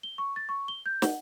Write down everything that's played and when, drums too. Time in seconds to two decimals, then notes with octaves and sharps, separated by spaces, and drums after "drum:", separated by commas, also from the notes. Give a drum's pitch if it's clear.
0.03 G7
0.18 C#6
0.36 A6
0.49 C#6
0.68 G7
0.86 G6
1.02 F#5, drum: snare